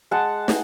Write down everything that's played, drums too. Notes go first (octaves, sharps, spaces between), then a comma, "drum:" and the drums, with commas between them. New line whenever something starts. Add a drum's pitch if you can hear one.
G#3 F#5 A5
D#4, drum: snare